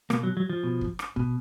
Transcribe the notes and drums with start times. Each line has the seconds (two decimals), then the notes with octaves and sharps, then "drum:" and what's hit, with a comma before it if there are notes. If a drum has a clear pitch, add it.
0.10 B2 A#3, drum: rim click
0.23 F#3
0.37 F#3
0.50 F3
0.63 B2
0.81 drum: kick
0.99 drum: rim click
1.16 B2, drum: kick